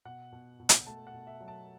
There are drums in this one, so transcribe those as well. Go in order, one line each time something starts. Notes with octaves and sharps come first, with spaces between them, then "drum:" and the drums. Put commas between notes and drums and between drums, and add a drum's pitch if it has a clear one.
B2 F#5
B2
B2
drum: hi-hat
A3 A5
F#5
B2
E5
F#3
A5